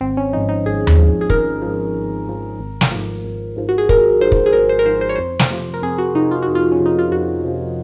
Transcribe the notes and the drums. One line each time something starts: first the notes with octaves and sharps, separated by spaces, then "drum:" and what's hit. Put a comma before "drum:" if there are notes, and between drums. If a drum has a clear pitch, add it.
G#1 C4
C#4
G#2 F3 D#4
D#4
G#1 G#4
drum: tom D#2
G#2 F3
G#4
G#1 A#4, drum: kick
F3
G#2
G#1
G#2 F3
G#1
drum: snare
G#2 F3
G#1
G#2 F3
F#4
G#4
G#1 A#4, drum: kick
G#2 F3 C5
drum: kick
G#4
G#1 A#4
C5
A#4
G#2 F3 C5
C5
C#5
F2 C5
drum: snare
C3 F3
A#4
F2 G#4
F#4
C3 F3 D#4
F4
F2 F#4
F4
C#4
C3 F3
D#4
F4
F2 F#4
C3 F3